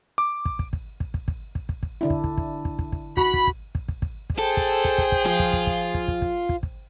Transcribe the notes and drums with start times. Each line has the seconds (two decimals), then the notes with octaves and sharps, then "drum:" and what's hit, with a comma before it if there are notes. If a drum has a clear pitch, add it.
0.18 D6
0.45 drum: kick
0.59 drum: kick
0.73 drum: kick
1.00 drum: kick
1.14 drum: kick
1.28 drum: kick
1.55 drum: kick
1.69 drum: kick
1.83 drum: kick
2.01 D3 D4 E4
2.10 drum: kick
2.24 drum: kick
2.38 drum: kick
2.65 drum: kick
2.79 drum: kick
2.92 drum: kick
3.17 F#4 B5, drum: kick
3.34 drum: kick
3.47 drum: kick
3.75 drum: kick
3.88 drum: kick
4.02 drum: kick
4.30 drum: kick
4.39 G#4 A4 C5 G5
4.57 drum: kick
4.85 drum: kick
4.98 drum: kick
5.12 drum: kick
5.26 F3 F4
5.39 drum: kick
5.53 drum: kick
5.67 drum: kick
5.94 drum: kick
6.08 drum: kick
6.22 drum: kick
6.49 drum: kick
6.63 drum: kick